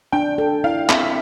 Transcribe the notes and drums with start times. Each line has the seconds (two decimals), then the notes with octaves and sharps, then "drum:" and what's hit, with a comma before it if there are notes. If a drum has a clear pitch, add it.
0.12 D4 G5
0.38 A4
0.64 E4 F5
0.89 C4 E5, drum: clap